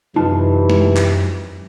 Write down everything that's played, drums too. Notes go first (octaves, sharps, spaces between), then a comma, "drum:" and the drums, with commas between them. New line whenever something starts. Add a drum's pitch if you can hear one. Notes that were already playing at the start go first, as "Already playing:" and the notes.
F#2 C3 E3 D#4 F4 A5
drum: tom
drum: clap